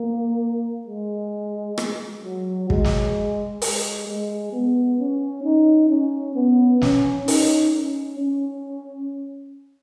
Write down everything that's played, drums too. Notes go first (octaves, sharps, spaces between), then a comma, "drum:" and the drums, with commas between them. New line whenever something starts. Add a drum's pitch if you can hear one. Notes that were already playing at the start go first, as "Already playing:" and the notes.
Already playing: A#3
G#3
drum: rim click
F#3
G#3, drum: kick
drum: snare
G#3, drum: open hi-hat
G#3
B3
C#4
D#4
C#4
B3
C#4, drum: snare
D#4, drum: open hi-hat
C#4
C#4